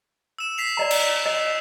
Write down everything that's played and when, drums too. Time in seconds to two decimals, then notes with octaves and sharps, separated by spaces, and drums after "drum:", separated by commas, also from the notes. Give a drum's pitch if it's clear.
0.39 E6 E7
0.58 B6 C7 F7
0.77 D5 D#5 A#5
0.91 drum: cymbal
1.02 F7
1.26 D#5 E6